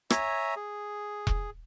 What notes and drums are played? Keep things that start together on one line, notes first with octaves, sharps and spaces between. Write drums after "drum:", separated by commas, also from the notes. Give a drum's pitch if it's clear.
C#5 E5 G#5 A#5, drum: rim click
G#4
drum: kick E1